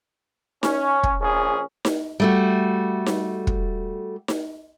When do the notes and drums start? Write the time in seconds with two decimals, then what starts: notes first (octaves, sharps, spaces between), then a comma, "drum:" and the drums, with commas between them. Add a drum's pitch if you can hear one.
0.63 C#4, drum: snare D#4
1.03 drum: kick
1.20 A#1 C#4 G#4
1.85 drum: snare D#4
2.20 G3 A3 F#4
3.06 drum: snare D#4
3.47 drum: kick
4.28 drum: snare D#4